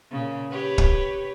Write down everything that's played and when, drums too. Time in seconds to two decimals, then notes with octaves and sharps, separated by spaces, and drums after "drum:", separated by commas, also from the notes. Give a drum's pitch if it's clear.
0.12 A#2 C#3
0.51 G4 B4 C#5
0.78 drum: kick